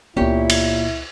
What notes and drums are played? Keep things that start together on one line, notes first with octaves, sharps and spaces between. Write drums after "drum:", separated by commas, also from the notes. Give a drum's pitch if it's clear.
C#2 A#2 B3 C#4 E4 G4 C#5
drum: cymbal